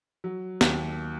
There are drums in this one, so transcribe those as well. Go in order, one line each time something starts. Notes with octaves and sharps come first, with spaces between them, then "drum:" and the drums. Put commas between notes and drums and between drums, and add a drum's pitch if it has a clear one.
F#3
D#2, drum: snare